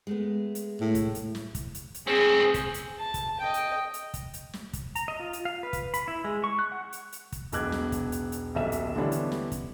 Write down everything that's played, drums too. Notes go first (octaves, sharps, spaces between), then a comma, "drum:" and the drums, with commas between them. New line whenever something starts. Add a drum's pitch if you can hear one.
G#3 A3 B3
drum: hi-hat
A2
drum: kick, hi-hat
drum: hi-hat
drum: snare
drum: kick, hi-hat
drum: hi-hat
drum: hi-hat
C4 C#4 G#4
drum: kick, hi-hat
drum: hi-hat
A5
drum: kick, hi-hat
D#5 G5
drum: hi-hat
drum: hi-hat
drum: kick, hi-hat
drum: hi-hat
drum: snare
drum: kick, hi-hat
A#5, drum: hi-hat
D#5
F4
drum: hi-hat
F5
B4
drum: kick, hi-hat
B5, drum: hi-hat
E4
G#3
C#6
F#6
F#5
drum: hi-hat
drum: hi-hat
drum: kick, hi-hat
E1 B1 D6 F#6 G#6, drum: hi-hat
drum: snare
drum: kick, hi-hat
drum: hi-hat
drum: hi-hat
D#1 B1 E5 E7
drum: hi-hat
D3 E3 G3 B3 C#4 D4
drum: hi-hat
drum: snare
drum: kick, hi-hat